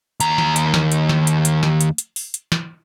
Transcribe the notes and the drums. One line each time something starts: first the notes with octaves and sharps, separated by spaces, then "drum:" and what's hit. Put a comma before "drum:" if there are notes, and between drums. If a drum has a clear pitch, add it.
D#2 A#5, drum: hi-hat
drum: snare
drum: hi-hat
drum: snare
drum: hi-hat
drum: snare
drum: hi-hat
drum: hi-hat
drum: snare
drum: hi-hat
drum: hi-hat
drum: open hi-hat
drum: hi-hat
drum: snare